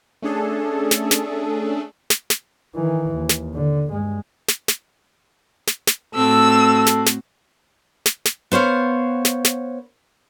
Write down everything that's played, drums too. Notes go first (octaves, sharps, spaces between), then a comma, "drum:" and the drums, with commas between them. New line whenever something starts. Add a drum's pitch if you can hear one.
A3 C#4 D4 G#4 A4
drum: snare
drum: snare
drum: snare
drum: snare
D#3 E3
D#2
drum: snare
D3
G2 G#3
drum: snare
drum: snare
drum: snare
drum: snare
A2 C4 F#4 A4 E6
drum: snare
drum: snare
drum: snare
drum: snare
B3 C5 C#5 F5
drum: snare
drum: snare